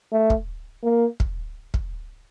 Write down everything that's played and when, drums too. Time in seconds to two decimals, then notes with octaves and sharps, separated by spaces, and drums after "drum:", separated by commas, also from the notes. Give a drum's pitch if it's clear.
0.12 A3
0.30 drum: kick
0.83 A#3
1.20 drum: kick
1.74 drum: kick